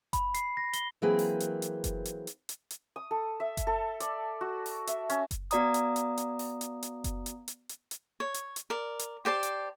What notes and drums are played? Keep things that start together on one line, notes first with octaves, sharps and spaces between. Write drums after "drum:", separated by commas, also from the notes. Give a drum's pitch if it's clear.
B5, drum: kick F#1, hi-hat
C7, drum: hi-hat
A#6
G7, drum: hi-hat
E3 F#3 A#3 C4 G#4 B4
drum: open hi-hat
drum: hi-hat
drum: hi-hat
drum: kick F#1, hi-hat
drum: hi-hat
drum: hi-hat
drum: hi-hat
drum: hi-hat
D#6
A4
E5
drum: kick F#1, hi-hat
A4
D5, drum: hi-hat
F#4
drum: open hi-hat
E5, drum: hi-hat
C#4, drum: hi-hat
drum: kick F#1, hi-hat
B3 F#4 D5 A#5 D#6, drum: hi-hat
drum: hi-hat
drum: hi-hat
drum: hi-hat
drum: open hi-hat
drum: hi-hat
drum: hi-hat
drum: kick F#1, hi-hat
drum: hi-hat
drum: hi-hat
drum: hi-hat
drum: hi-hat
C#5
drum: hi-hat
drum: hi-hat
A#4 D5
drum: hi-hat
G4 C5 D5 A5
drum: hi-hat